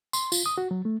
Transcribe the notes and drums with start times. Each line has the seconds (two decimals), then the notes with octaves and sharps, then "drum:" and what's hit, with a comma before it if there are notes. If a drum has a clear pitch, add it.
0.13 C6, drum: tambourine
0.32 F4, drum: tambourine
0.46 D#6
0.58 F#4
0.71 F#3
0.85 A3